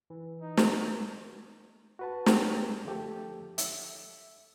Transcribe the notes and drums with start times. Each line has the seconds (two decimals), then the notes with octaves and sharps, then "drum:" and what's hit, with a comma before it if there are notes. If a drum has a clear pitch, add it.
0.10 E3
0.41 D#4
0.57 drum: snare
1.99 F#4 B4 A5
2.26 G#3 B3 C#4 G4, drum: snare
2.85 D3 F3 A3 G4 A4
3.58 E5, drum: hi-hat